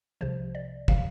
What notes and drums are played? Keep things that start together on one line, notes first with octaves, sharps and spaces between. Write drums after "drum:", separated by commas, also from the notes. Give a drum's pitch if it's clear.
C2 C3 F3 C5
D5
C3 F3 F5, drum: kick